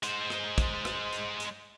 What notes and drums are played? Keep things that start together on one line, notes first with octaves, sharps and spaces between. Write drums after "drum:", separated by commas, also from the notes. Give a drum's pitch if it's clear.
G#3 C5, drum: hi-hat
drum: rim click
drum: kick, hi-hat
drum: rim click
drum: hi-hat
drum: hi-hat